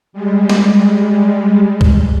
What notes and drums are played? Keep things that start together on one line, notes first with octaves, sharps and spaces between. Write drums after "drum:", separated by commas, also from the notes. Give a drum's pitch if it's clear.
G3 G#3
drum: snare
drum: kick C2